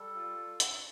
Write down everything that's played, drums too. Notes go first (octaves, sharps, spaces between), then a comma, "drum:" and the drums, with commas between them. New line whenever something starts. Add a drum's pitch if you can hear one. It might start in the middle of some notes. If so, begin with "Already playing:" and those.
Already playing: G3 A4
F4
drum: hi-hat